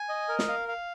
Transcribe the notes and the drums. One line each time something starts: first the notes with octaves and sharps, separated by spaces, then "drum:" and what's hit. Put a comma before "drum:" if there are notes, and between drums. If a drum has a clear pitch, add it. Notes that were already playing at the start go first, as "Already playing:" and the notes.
Already playing: G#5
D#5
A#4
drum: snare
F5
F5